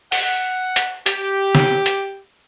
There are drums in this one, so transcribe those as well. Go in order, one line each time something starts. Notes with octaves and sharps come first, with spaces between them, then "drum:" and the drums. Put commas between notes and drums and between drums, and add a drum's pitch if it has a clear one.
F#5, drum: open hi-hat
drum: hi-hat
G4, drum: hi-hat
drum: snare
drum: hi-hat